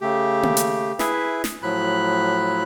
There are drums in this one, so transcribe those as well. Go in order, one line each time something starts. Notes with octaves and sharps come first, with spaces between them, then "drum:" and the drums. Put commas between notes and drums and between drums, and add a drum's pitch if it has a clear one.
C#3 A3 G4
drum: tom A#3
drum: hi-hat
E4 G#4 B4 E5, drum: snare
drum: snare
A2 F3 F#3 B5 F#6